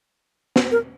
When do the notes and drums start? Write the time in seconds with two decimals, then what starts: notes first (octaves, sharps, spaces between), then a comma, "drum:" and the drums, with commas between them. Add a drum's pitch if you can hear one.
0.56 drum: snare
0.71 A#4